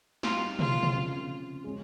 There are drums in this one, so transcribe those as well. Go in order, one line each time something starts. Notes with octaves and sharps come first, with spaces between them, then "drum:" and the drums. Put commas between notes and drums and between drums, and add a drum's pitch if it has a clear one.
G3 C4 D#4 F4, drum: snare
F4, drum: tom
drum: tom
C#3 F3 C4
G#3 C#4 G#4